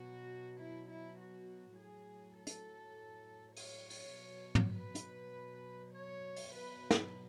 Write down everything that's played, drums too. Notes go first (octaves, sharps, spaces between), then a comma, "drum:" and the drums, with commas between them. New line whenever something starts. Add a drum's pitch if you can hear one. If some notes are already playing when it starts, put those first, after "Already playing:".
Already playing: B2 F#3 F#4
E4
E4
F#4
A2 F#3 G#4
A4
drum: hi-hat
C#5, drum: open hi-hat
drum: open hi-hat
B2 F#3
drum: tom
B4
drum: hi-hat
C#5
drum: open hi-hat
B2 F#3 B4
drum: snare